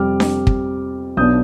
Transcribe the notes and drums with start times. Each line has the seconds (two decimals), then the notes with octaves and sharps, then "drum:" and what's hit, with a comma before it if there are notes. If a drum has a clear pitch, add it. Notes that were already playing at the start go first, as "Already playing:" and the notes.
Already playing: F2 C3 G3 C4 D6 F6
0.20 drum: snare D4
0.47 drum: kick
1.17 B1 B2 B3 D4 D#6 G6